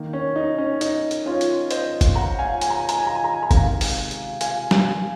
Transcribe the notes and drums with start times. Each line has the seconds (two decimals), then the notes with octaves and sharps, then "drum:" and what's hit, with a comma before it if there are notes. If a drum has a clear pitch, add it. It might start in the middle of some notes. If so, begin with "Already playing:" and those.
Already playing: D#3 A#3
0.13 C#4
0.36 D#4
0.58 C#4
0.81 D#4, drum: hi-hat
1.11 drum: hi-hat
1.26 C#4 F4
1.41 drum: hi-hat
1.71 C5 D#5, drum: hi-hat
2.01 drum: kick, hi-hat
2.15 F#5 A#5
2.39 F5 G#5
2.61 G#5, drum: hi-hat
2.70 A#5
2.79 G#5
2.89 A#5, drum: hi-hat
2.98 G#5
3.07 A#5
3.15 G#5
3.24 A#5
3.34 G#5
3.43 A#5
3.51 C3 D#3 G#3 C4 F5 G#5, drum: kick, hi-hat
3.81 drum: open hi-hat
4.11 drum: hi-hat
4.41 F5 G#5, drum: hi-hat
4.71 drum: snare